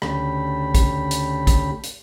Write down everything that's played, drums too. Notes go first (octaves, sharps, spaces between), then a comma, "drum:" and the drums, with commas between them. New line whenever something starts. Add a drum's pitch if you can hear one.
D2 C#3 A3 G4 B5, drum: rim click
drum: kick, hi-hat
drum: hi-hat
drum: kick, hi-hat
drum: hi-hat